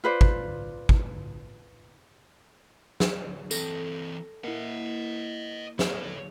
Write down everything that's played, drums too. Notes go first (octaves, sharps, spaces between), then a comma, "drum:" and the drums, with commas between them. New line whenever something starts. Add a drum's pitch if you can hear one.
F4 B4 C5 D5
drum: kick
drum: kick
drum: snare
E3 C4 A4 A#6, drum: tambourine
A#3 E4 D#5 F#5
A4 C#5, drum: snare